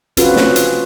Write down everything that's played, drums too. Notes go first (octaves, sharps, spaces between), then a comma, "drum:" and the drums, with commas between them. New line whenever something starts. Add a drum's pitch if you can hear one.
C4 C#4 F4 F#4 G#4 B4, drum: hi-hat
drum: snare
drum: hi-hat